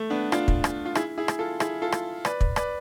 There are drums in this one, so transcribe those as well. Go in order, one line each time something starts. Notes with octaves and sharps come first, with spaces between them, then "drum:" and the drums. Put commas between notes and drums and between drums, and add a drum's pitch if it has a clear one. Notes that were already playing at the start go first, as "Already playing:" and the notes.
Already playing: A3
B3 D4
D4 F4, drum: rim click
drum: kick
drum: rim click
F4
E4 G#4, drum: rim click
E4 G#4
drum: rim click
F4 A4
E4 G#4, drum: rim click
F4 A4
drum: rim click
B4 D5, drum: rim click
drum: kick
B4 D5, drum: rim click